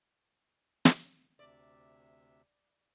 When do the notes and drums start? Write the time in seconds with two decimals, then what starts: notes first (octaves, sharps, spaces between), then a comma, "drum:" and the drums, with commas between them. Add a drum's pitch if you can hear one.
0.85 drum: snare
1.39 D2 C3 D5 E5